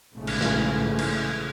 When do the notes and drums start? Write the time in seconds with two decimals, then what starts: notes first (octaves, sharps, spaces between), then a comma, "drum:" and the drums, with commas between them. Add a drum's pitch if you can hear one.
0.15 A#1 G#2 C#3 E3 G#3 A3
0.27 drum: cymbal
0.41 drum: snare
0.99 drum: cymbal